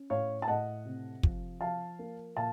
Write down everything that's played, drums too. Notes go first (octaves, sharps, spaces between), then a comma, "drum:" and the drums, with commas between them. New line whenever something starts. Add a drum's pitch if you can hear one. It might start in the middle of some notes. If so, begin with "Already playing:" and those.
Already playing: C#4
A2 C#5 F5
A5
A2 D#5 F#5
C3
F3, drum: kick
F3 F5 A5
A#3
A#2 F5 A5